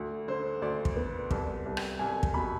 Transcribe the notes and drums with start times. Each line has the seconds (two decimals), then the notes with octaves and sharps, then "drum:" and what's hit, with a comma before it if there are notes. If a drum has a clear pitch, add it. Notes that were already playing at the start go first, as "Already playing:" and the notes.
Already playing: D2
0.28 D3 C5
0.62 D2 D5
0.85 drum: kick
0.96 B3
1.31 C2, drum: kick
1.66 C2
1.77 drum: rim click
1.99 C2 G#5
2.23 drum: kick
2.34 B2 B5